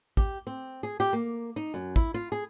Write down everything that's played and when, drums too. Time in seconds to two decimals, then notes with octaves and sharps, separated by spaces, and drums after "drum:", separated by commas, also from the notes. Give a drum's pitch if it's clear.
0.17 G4, drum: kick
0.47 C4
0.83 G#4
1.00 G4
1.13 A#3
1.56 D#4
1.74 F#2
1.96 E4, drum: kick
2.14 F4
2.32 G#4